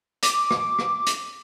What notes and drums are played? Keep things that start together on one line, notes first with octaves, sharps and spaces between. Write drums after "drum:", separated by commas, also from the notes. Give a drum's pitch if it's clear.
D6, drum: hi-hat
drum: rim click
drum: rim click
drum: hi-hat